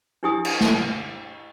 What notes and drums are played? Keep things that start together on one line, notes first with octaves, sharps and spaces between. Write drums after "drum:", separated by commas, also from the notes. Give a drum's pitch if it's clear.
D4 E4 G4 G#5 D#6
drum: cymbal
drum: snare